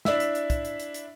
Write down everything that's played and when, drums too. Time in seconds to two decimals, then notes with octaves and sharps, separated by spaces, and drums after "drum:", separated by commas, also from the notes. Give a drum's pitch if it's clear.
0.05 D4 E4 E5, drum: snare
0.20 drum: hi-hat
0.35 drum: hi-hat
0.50 drum: kick, hi-hat
0.65 drum: hi-hat
0.80 drum: hi-hat
0.94 drum: hi-hat